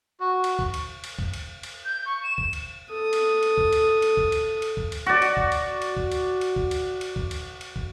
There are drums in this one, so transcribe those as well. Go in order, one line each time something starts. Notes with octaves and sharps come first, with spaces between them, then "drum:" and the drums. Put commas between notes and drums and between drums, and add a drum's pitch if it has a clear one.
F#4
drum: cymbal
drum: kick
drum: cymbal
drum: cymbal
drum: kick
drum: cymbal
drum: cymbal
G6
C#6
E7
drum: kick
drum: cymbal
A4 D#6
drum: cymbal
drum: cymbal
drum: kick
drum: cymbal
drum: cymbal
drum: kick
drum: cymbal
drum: cymbal
drum: kick
drum: cymbal
F#4 D5
drum: cymbal
drum: kick
drum: cymbal
drum: cymbal
drum: kick
drum: cymbal
drum: cymbal
drum: kick
drum: cymbal
drum: cymbal
drum: kick
drum: cymbal
drum: cymbal
drum: kick